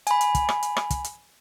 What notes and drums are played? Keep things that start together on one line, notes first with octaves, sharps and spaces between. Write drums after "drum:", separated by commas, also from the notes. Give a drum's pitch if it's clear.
G#5 B5, drum: hi-hat
drum: hi-hat
drum: kick, hi-hat
drum: rim click
drum: hi-hat
drum: rim click
drum: kick, hi-hat
drum: hi-hat